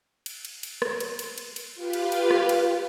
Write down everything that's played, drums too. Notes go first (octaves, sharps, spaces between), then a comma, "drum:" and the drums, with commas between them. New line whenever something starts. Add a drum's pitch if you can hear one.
drum: cymbal
drum: cymbal
drum: cymbal
drum: rim click
drum: cymbal
drum: cymbal
drum: cymbal
drum: cymbal
F4 G4 B4 F5
drum: cymbal
drum: cymbal
drum: rim click
drum: cymbal